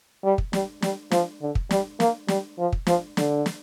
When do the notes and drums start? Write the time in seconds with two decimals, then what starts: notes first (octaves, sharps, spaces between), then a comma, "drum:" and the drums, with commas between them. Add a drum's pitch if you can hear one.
0.24 G3
0.38 drum: kick
0.53 G3, drum: snare
0.82 G3, drum: snare
1.11 F3, drum: snare
1.41 D3
1.55 drum: kick
1.71 G3, drum: snare
2.00 A#3, drum: snare
2.28 G3, drum: snare
2.58 F3
2.73 drum: kick
2.87 F3, drum: snare
3.17 D3, drum: snare
3.46 drum: snare